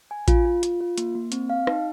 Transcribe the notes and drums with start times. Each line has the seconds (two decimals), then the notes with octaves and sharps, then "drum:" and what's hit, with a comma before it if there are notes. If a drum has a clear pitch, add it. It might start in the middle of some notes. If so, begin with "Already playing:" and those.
0.11 G#5
0.28 F4, drum: kick A1, hi-hat
0.46 F4
0.63 F4, drum: hi-hat
0.81 F4
0.98 A#3, drum: hi-hat
1.15 A#3
1.32 C4, drum: hi-hat
1.50 F5
1.67 D#4, drum: rim click